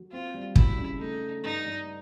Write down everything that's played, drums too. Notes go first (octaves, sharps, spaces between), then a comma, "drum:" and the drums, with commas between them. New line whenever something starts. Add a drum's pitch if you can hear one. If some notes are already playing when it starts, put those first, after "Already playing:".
Already playing: F#3
C4 F4
G3
F#3 E4, drum: kick
C#3
A3 D#4
D4
G2 D#4
G2